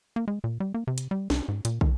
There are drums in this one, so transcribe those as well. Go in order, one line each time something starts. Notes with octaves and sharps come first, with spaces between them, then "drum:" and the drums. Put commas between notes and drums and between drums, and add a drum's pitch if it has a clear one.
A#3
G#3
A#2
G3
A#3
C3
drum: hi-hat
G3
C2, drum: snare
G#2
A#2, drum: hi-hat
D#3, drum: kick